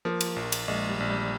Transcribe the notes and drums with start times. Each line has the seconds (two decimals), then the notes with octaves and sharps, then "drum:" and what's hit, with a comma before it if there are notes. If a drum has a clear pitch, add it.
0.05 F3 A#3
0.21 drum: cymbal
0.36 A#1
0.52 drum: cymbal
0.68 A#1 G#3
0.89 G3
1.00 A#1
1.10 G3